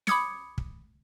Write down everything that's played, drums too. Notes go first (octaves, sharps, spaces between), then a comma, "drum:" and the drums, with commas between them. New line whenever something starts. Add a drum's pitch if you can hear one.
B5 D6 D#6 G#6 C#7, drum: snare
drum: kick